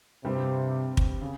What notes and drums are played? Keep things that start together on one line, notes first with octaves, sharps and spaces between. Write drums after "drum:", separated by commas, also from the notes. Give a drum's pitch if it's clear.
G2 C3 G3 C4 G4
drum: kick
C#3